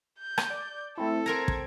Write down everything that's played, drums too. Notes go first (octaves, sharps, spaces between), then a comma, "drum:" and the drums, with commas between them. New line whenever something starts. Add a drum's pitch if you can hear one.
G6
drum: rim click
D5
A3 C4 E4 A4
C4 A#4 A#5 G#6
drum: kick